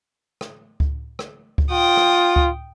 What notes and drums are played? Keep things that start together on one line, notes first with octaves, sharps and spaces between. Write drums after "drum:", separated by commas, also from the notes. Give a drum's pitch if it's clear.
drum: rim click
drum: kick C#2
drum: rim click
drum: kick C#2
F4 G5 D#6
drum: rim click
drum: kick C#2